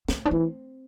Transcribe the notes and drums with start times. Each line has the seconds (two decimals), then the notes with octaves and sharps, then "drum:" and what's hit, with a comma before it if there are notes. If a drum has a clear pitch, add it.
0.08 C4, drum: snare
0.25 D4
0.31 E3 C4